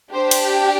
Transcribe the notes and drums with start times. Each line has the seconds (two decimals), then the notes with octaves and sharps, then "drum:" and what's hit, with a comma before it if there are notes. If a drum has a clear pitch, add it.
0.13 D4 G4 C5
0.31 drum: cymbal